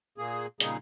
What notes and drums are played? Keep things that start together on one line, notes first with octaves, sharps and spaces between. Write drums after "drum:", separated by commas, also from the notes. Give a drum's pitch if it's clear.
A#2 A#3 G#4
A#2 C#3 G3 A#3 D#4 G#4, drum: hi-hat